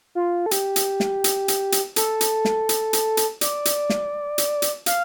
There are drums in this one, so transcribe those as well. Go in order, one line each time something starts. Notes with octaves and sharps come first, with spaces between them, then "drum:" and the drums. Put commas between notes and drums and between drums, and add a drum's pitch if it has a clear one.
F4
A4
G4, drum: hi-hat
drum: hi-hat
drum: snare
drum: hi-hat
drum: hi-hat
drum: hi-hat
A4, drum: hi-hat
drum: hi-hat
drum: snare
drum: hi-hat
drum: hi-hat
drum: hi-hat
D5, drum: hi-hat
drum: hi-hat
drum: snare
drum: hi-hat
drum: hi-hat
F5, drum: hi-hat